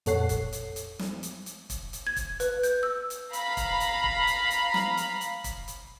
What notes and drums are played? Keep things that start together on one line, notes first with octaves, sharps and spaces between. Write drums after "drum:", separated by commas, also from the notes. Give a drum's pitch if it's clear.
F2 A#2 A4 C#5 F#5 C7, drum: hi-hat
drum: kick, hi-hat
drum: hi-hat
drum: hi-hat
drum: snare
drum: hi-hat
drum: hi-hat
drum: kick, hi-hat
drum: hi-hat
G#6
drum: kick, hi-hat
B4, drum: hi-hat
G6, drum: hi-hat
E6
drum: hi-hat
F5 A#5 B5, drum: hi-hat
drum: kick, hi-hat
drum: hi-hat
drum: kick
drum: hi-hat
drum: hi-hat
drum: snare
drum: hi-hat
drum: hi-hat
drum: kick, hi-hat
drum: hi-hat